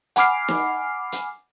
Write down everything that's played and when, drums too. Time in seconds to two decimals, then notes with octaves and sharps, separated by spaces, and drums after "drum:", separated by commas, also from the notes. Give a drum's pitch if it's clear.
0.16 F#5 G#5 B5 D6 F6 C7, drum: hi-hat
0.48 drum: snare
1.12 drum: hi-hat